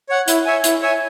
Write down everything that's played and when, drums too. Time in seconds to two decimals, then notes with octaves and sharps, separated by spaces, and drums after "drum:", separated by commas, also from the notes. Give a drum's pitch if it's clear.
0.09 C#5 F#5
0.28 E4, drum: hi-hat
0.45 C#5 E5 G#5
0.64 E4, drum: hi-hat
0.82 C#5 E5 G#5